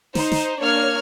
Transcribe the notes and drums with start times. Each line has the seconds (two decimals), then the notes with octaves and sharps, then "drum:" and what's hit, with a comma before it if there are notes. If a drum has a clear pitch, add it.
0.15 D#4 C5, drum: snare
0.32 drum: snare
0.60 A#3 D4 C#5 F6 G#6